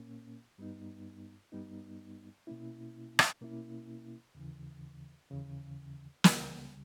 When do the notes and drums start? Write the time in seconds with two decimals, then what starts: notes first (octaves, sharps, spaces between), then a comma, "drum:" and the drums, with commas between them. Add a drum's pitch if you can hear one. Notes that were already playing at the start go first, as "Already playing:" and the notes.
Already playing: A#2 A#3 C#4
0.58 G2 G3 B3 D#4
1.52 G2 G3 B3 D#4
2.47 B2 A#3 C#4 E4
3.19 drum: rim click
3.41 B2 A#3 C#4 E4
4.35 D#2 C#3 E3
5.30 D#2 C#3 E3
6.24 C#2 C#3 G3, drum: snare